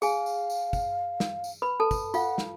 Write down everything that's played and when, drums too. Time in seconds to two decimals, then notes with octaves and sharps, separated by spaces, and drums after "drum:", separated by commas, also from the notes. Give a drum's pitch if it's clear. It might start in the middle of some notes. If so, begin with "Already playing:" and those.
0.02 G#4 F5 G#5, drum: tambourine
0.26 drum: tambourine
0.50 drum: tambourine
0.73 drum: kick, tambourine
1.20 drum: snare
1.44 drum: tambourine
1.62 B4 B5
1.80 A4 A5
1.91 drum: kick, tambourine
2.14 F4 F5 F#5, drum: tambourine
2.38 drum: snare